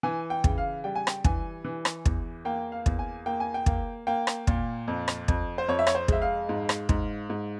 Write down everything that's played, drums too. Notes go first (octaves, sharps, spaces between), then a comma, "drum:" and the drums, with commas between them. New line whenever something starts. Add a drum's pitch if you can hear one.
E3 G#5
G5
C#3, drum: kick
F5
G3 G5
G#5
G5, drum: rim click
E3 G#5, drum: kick
E3
drum: rim click
E2, drum: kick
A#3 G5
F5
E2, drum: kick
G#5
A#3 G5
G#5
G5
A#3, drum: kick
A#3 G5
drum: rim click
A#2, drum: kick
F2
drum: rim click
F2, drum: kick
C5
F2 C#5
E5
C#5, drum: rim click
C5
G#3 E5, drum: kick
F5
G#2
drum: rim click
G#2, drum: kick
G#2